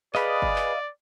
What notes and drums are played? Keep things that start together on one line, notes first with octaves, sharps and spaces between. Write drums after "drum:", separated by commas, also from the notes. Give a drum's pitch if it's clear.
G#4 B4 D5 D#5 F5 B5, drum: clap
drum: kick G1
drum: clap